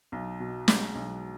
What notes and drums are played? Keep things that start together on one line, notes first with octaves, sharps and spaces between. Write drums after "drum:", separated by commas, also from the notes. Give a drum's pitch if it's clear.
B1
B2
G#3, drum: snare
B1